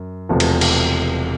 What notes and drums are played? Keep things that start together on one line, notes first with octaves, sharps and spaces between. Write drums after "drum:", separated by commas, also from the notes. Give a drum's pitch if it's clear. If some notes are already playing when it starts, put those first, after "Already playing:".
Already playing: F#2
E1 E2 C3 F3 A3
drum: cymbal
drum: cymbal